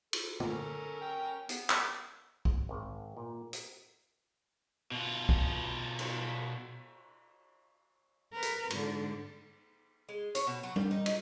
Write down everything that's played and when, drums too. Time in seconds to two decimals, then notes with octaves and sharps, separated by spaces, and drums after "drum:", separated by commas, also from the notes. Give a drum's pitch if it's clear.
0.13 A4, drum: cymbal
0.40 C#4 A#4, drum: tom
1.01 G5
1.49 B3, drum: hi-hat
1.70 drum: clap
2.45 drum: kick B1
2.69 G#1
3.17 A#2
3.53 drum: hi-hat
4.91 B2 F4
5.29 drum: kick B1
5.99 drum: cymbal
8.33 A#4 B4
8.42 drum: hi-hat
8.70 G#2 D3, drum: cymbal
10.09 G#3
10.35 C#5, drum: hi-hat
10.47 B2
10.63 F#3
10.76 G3, drum: tom G3
10.91 D#4
11.06 D#5, drum: cymbal